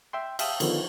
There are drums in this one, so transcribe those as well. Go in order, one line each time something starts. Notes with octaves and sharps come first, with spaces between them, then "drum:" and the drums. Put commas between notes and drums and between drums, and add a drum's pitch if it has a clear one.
E5 G5 C6
E5 F5 G5 A5 D#6 E6, drum: cymbal
D3 D#3 F3 B3, drum: cymbal